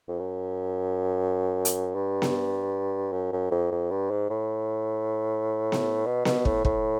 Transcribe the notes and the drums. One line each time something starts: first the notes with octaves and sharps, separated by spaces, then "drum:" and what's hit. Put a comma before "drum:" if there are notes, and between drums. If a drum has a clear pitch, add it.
F2
F#2
drum: hi-hat
G2
drum: snare B3
F#2
F#2
F2
F2
G2
G#2
A2
drum: snare B3
B2
B2, drum: snare B3
A2, drum: kick
A2, drum: kick